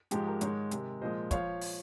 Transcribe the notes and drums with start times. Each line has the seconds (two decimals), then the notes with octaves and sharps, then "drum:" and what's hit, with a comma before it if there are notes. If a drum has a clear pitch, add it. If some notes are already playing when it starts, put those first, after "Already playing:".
0.11 G#2 F3 G#3 G4, drum: hi-hat
0.27 G4 A#4
0.41 G#2 D#3 G#3 A#4 C#5, drum: hi-hat
0.71 C3 D#3 G#3, drum: hi-hat
1.01 A#2 F3 G#3 C5 D#5
1.31 F3 C#5 F5, drum: kick, hi-hat
1.61 drum: open hi-hat